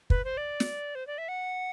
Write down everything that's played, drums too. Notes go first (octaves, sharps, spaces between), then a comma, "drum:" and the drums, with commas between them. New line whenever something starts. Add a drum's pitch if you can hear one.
B4, drum: kick
C5
D5
drum: snare
C5
D5
E5
F#5